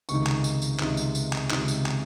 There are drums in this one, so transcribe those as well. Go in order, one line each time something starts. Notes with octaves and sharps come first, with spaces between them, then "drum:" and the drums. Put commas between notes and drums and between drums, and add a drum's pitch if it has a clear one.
C#2 C3 D#3 C#6, drum: tambourine
drum: clap
drum: tambourine
drum: tambourine
C#2 C3 D#3, drum: clap
drum: tambourine
drum: tambourine
drum: clap
C#2 C3 D#3, drum: clap
drum: tambourine
drum: clap